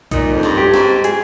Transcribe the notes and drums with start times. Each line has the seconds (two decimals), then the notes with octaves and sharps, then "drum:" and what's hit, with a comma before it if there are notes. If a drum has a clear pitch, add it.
0.11 A#2 D#4, drum: kick, hi-hat
0.33 F2
0.43 G2, drum: snare
0.57 G4
0.74 G#2, drum: snare
1.04 G#4, drum: hi-hat